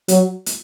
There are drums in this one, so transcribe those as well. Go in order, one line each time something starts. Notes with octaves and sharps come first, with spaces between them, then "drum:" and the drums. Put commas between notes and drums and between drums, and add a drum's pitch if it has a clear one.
F#3, drum: hi-hat
drum: hi-hat